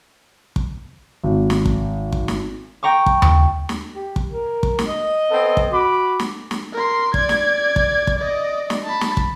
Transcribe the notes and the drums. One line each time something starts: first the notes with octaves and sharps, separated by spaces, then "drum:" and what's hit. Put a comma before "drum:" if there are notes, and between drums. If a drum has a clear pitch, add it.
drum: kick
G#1
drum: snare
drum: kick
drum: kick
drum: snare
G5 A#5 C#6 D6
drum: kick
drum: tom D#2
drum: snare
G4
drum: kick
A#4
drum: kick
drum: snare
D#5
B3 C4 A4
drum: kick
F#4 B5 D6
drum: snare
drum: snare
A#4 C6
D5 G#6, drum: kick
drum: snare
drum: kick
drum: kick
D5 D#5
drum: snare
A5 B5
drum: snare
drum: kick